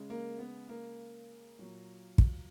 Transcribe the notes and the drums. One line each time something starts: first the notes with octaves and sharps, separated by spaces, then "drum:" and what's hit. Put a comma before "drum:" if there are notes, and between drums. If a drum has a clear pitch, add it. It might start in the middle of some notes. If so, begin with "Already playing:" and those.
Already playing: C#3 G#3
A#3
B3
A#3
A#2 F#3
drum: kick